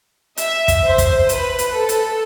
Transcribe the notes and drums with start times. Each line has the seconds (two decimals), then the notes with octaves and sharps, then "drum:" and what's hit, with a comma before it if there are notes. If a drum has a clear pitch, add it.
0.37 E5, drum: hi-hat
0.68 drum: kick, hi-hat
0.83 C5
0.98 drum: kick, hi-hat
1.29 B4, drum: hi-hat
1.59 drum: hi-hat
1.74 A4
1.89 drum: hi-hat